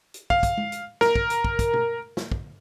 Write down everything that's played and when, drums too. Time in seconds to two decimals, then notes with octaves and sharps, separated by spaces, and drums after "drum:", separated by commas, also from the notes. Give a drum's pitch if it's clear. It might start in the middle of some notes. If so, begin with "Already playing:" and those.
0.14 drum: hi-hat
0.30 F5, drum: kick
0.43 drum: kick, hi-hat
0.58 drum: tom G#3
0.72 drum: hi-hat
1.01 A#4, drum: snare
1.16 drum: kick
1.30 drum: hi-hat
1.45 drum: kick
1.59 drum: kick, hi-hat
1.74 drum: tom B2
2.17 drum: snare
2.32 drum: kick